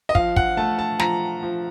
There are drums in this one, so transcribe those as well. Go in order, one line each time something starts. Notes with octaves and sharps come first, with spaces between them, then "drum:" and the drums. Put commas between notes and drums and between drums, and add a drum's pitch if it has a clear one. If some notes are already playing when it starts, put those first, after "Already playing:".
D#5
F3 F5, drum: kick
F#5, drum: kick
A3 A5
A5
F3 A#5, drum: snare
F3